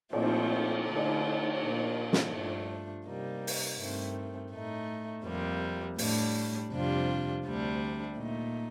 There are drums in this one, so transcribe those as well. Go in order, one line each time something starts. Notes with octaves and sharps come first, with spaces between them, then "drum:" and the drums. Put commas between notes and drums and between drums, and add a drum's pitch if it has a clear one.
A#2 F3 A3 C4, drum: cymbal
D3 A3 D4 F4
drum: cymbal
A#2 F3 A#3 D4
drum: snare
G2 F3 A3 D4
C3 G3 A#3 D#4
drum: open hi-hat
G2 D#3 A3 C4
A2 A3 D#4
F2 C3 G3 A#3
A2 G3 D4, drum: open hi-hat
F2 C3 G3 D4 F4
D2 C3 G3 D4
A#2 A3 D#4